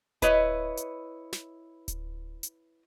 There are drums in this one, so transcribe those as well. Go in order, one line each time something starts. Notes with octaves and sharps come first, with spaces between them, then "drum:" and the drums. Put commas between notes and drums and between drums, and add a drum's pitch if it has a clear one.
E4 B4 C#5 D#5, drum: kick D1, hi-hat
drum: hi-hat
drum: snare
drum: kick D1, hi-hat
drum: hi-hat